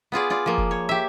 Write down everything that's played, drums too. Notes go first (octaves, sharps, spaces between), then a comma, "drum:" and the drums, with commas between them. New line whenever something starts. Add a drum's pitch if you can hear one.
B3 F4 G#4 D5
F4 D5
F3 A#3
drum: kick F1
C#5
G4 E5